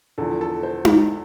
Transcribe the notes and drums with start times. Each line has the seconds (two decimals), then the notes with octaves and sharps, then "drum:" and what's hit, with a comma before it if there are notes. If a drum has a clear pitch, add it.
0.18 E2 D3 F3 A4
0.41 A4
0.63 C5
0.85 drum: tom D#4